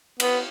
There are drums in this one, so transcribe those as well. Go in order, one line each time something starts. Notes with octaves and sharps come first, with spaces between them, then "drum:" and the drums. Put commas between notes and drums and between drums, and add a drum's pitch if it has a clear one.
B3, drum: cymbal